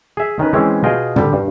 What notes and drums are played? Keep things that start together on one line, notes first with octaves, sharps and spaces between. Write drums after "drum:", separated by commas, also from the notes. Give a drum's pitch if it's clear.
G#4 E5
D#3 C#4 B4
E3 G#3 C4 C#4 E4
B2 F4 G#4 D#5 G5
D3 G3, drum: tom
G2